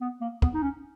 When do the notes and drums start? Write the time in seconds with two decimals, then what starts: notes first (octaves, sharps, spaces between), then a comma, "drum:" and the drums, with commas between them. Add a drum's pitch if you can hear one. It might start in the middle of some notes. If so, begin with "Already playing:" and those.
0.01 B3
0.21 A#3
0.42 B3, drum: kick
0.54 D#4
0.62 C#4